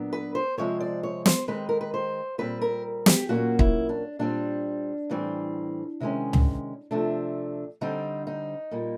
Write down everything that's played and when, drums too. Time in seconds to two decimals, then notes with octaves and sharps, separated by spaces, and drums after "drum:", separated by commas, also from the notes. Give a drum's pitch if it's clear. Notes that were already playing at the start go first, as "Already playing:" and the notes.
Already playing: A#2 F#3 B3 D4
0.13 B4
0.35 C5
0.58 C3 F3 G#3 C4 C#5
0.80 D5
1.03 C#5
1.26 C5, drum: snare
1.48 D#3 G#3 C4 B4
1.69 A#4
1.81 B4
1.94 C5
2.38 A#2 G3 C4 B4
2.61 A#4
3.06 G4, drum: snare
3.29 A#2 F#3 A#3 C#4 F#4
3.59 E4, drum: kick
3.89 D4
4.19 A#2 G3 C4 D4
5.10 A2 E3 G3 C4
6.00 C3 D#3 G#3 C#4
6.33 drum: tom C#2
6.91 C3 F3 A3 D4
7.81 D3 G3 C4 D#4
8.27 D#4
8.71 A#2 G3 A#3